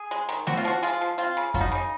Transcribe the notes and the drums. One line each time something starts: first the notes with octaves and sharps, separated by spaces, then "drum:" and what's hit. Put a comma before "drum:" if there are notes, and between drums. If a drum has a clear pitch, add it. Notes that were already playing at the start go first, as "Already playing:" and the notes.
Already playing: G#4
G#3
D#3
C4 F#4, drum: snare A3
F4
F3 F#4
G#3 F4
F3
C4 F4
C#3
F#3 F4, drum: kick F2
D#4
C#3 D#4